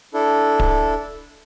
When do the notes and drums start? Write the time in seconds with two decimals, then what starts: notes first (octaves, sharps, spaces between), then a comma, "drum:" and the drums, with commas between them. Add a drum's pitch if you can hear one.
0.14 D4 E4 A4
0.60 drum: kick D1